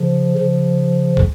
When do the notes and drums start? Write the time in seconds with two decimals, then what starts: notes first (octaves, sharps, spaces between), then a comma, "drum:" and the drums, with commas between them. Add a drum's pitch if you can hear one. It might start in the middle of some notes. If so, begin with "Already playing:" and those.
Already playing: C#3 F3
0.38 C#3 F3
1.17 drum: kick